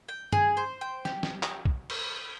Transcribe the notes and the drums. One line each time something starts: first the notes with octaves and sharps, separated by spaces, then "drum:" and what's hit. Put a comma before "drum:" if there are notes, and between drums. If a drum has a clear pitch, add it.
G5
G#4, drum: tom
C5
G5
G4, drum: snare
drum: snare
drum: clap
drum: kick
drum: cymbal